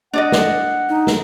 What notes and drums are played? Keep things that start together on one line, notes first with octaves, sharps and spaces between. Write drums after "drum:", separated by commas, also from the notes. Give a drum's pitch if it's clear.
D4 D5 D#5 F#5
drum: snare
D#4
drum: snare